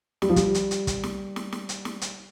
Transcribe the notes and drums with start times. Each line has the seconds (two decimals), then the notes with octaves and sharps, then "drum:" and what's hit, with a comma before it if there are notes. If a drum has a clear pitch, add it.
0.22 G3, drum: snare
0.29 F3
0.36 G3, drum: kick, hi-hat
0.55 drum: hi-hat
0.71 drum: hi-hat
0.87 drum: kick, hi-hat
1.03 drum: snare
1.36 drum: snare
1.52 drum: snare
1.69 drum: hi-hat
1.85 drum: snare
2.01 drum: hi-hat